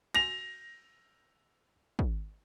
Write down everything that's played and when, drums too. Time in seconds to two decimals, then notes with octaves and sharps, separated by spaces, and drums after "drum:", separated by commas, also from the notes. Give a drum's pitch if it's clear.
0.15 A#6 F7, drum: cymbal
1.99 drum: kick